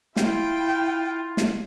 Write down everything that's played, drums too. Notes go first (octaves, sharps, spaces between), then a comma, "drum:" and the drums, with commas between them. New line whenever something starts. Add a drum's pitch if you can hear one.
E4 F4 G5, drum: snare
drum: snare